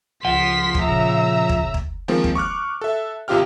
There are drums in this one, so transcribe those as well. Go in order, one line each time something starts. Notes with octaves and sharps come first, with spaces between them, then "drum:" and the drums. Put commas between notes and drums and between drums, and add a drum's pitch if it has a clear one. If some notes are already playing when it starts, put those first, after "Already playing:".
C#2 F3 F#5 C6 B6
drum: kick
A#2 C#3 E5 A#5
drum: kick
drum: kick
D#3 F3 G#3 A#3 C4
drum: kick
C#6 D6 F6 F#6
A4 E5
G#1 C3 F4 G4 G5 F6